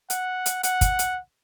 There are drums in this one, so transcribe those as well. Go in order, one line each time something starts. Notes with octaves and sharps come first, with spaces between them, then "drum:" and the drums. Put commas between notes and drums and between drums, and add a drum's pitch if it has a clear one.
F#5, drum: hi-hat
drum: hi-hat
F#5, drum: hi-hat
drum: kick, hi-hat
drum: hi-hat